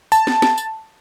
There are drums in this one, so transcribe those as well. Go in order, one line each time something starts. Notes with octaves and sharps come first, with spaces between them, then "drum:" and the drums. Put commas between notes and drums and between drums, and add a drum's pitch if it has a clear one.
A5, drum: tambourine
drum: snare
drum: snare
drum: tambourine